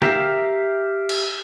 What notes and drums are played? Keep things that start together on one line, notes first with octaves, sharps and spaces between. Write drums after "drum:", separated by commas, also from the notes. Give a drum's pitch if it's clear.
G4 A#4 E5 F5, drum: snare
drum: cymbal